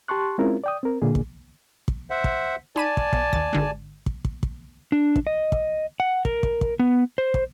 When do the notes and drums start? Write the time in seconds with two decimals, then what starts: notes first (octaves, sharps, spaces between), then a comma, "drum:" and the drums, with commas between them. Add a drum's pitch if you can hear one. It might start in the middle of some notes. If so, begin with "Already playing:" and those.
0.08 G4 A5 C6 C#6 F#6
0.38 G#3 C4 C#4 E4 F4 A#4
0.64 D5 G5 D#6
0.83 C4 A#4
1.02 A#2 D3 A#3 G#4
1.15 drum: kick
1.88 drum: kick
2.10 C5 E5 F#5
2.24 drum: kick
2.76 D#4 D5 G#5 A5 B5 D#7
2.97 drum: kick
3.13 B1, drum: kick
3.33 D#2 A6, drum: kick
3.53 G#1 D3 G#3
4.06 drum: kick
4.25 drum: kick
4.43 drum: kick
4.92 D4
5.16 drum: kick
5.27 D#5
5.52 drum: kick
6.00 F#5
6.25 A#4, drum: kick
6.43 drum: kick
6.61 drum: kick
6.79 B3
7.18 C5
7.34 drum: kick